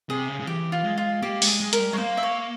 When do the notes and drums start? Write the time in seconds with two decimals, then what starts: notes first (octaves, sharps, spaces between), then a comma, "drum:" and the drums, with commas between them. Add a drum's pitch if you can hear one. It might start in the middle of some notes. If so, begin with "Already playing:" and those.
0.09 C3 G#4
0.28 C#3
0.40 C#3
0.47 E3 G4
0.72 F4
0.84 G#3
0.98 F4
1.22 A#3 G4
1.42 G#3, drum: open hi-hat
1.48 G#4
1.60 G#3
1.73 A#4, drum: hi-hat
1.79 G3
1.93 G#3 C#5
1.97 A#3 C5
2.17 E5
2.23 C#5